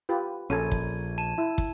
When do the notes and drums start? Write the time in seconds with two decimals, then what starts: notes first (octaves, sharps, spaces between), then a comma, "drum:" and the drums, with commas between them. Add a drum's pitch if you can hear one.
0.09 F4 G4 B4
0.50 A#1 C#4 A4 G#6 D#7
0.72 drum: kick
1.18 A5 D#7 E7
1.38 E4
1.58 drum: kick